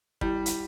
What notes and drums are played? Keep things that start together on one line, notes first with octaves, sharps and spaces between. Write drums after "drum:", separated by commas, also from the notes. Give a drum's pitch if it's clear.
G3 E4, drum: kick
drum: hi-hat